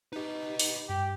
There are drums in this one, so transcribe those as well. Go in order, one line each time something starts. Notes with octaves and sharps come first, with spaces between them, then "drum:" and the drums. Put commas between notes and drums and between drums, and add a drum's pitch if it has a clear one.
D#4 G4 B4 D#5
drum: open hi-hat
G2 G4